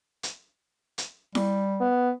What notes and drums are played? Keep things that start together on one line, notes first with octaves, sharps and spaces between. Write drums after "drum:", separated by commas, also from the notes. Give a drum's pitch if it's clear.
drum: hi-hat
drum: hi-hat
G3, drum: snare E4
B3